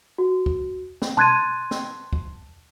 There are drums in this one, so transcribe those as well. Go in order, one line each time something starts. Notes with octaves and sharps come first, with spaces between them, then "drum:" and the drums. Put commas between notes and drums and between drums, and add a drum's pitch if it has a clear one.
F#4
drum: kick
drum: snare
A5 C6 F#6 G#6 A6 D#7, drum: tom B2
drum: snare
drum: kick